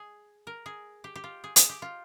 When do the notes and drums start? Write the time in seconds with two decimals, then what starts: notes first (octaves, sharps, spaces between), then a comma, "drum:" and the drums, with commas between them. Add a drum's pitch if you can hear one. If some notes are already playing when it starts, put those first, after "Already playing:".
Already playing: G#4
0.47 A#4
0.66 G#4
1.04 G4
1.15 G4
1.24 F4
1.44 G#4
1.56 G#4, drum: hi-hat
1.69 G4
1.82 F4